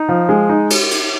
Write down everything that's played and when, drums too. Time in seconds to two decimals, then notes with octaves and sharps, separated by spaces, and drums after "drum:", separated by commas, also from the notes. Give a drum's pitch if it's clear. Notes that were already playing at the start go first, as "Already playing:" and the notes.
Already playing: D#4
0.09 F3
0.29 G#3
0.49 D#4
0.70 drum: cymbal
0.91 drum: cymbal